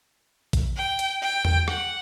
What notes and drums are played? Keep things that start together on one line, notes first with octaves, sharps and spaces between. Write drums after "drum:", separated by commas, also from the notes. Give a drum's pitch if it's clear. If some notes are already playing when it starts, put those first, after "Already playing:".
drum: kick, hi-hat
G5
drum: hi-hat
G5
drum: tom E2
F#5, drum: rim click